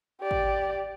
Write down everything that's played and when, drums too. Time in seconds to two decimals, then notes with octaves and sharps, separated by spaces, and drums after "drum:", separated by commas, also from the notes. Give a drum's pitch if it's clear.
0.22 G4 D5
0.31 drum: kick